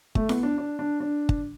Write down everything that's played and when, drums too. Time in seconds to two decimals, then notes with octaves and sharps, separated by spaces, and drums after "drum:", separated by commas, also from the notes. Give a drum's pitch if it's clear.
0.15 A3, drum: kick
0.29 B3, drum: snare E4
0.43 D4
0.58 D4
0.79 D4
1.00 D4
1.29 drum: kick